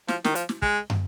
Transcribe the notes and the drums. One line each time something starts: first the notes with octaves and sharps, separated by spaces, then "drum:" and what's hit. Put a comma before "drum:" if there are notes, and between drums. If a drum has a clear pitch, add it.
F3, drum: snare
D#3, drum: snare
F3, drum: hi-hat
drum: snare
G#3, drum: kick
drum: tom